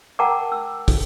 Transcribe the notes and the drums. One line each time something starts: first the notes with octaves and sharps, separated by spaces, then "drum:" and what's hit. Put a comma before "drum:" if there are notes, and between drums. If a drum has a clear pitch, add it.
A#4 F#5 G5 A5 A#5 D6
E6
drum: kick, open hi-hat